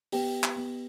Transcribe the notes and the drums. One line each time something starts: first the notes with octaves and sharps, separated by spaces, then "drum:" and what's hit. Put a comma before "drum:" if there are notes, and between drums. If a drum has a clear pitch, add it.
B3 G4 G5, drum: open hi-hat
drum: clap
B3